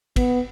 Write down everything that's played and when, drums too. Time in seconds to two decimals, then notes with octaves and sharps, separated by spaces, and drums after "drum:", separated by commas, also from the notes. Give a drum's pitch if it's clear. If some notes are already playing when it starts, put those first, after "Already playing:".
0.16 B3, drum: kick, cymbal